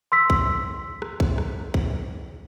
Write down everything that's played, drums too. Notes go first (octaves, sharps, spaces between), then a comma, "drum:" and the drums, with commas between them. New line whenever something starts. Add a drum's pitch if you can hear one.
C6 E6 B6
drum: kick
drum: rim click
drum: kick
drum: rim click
drum: kick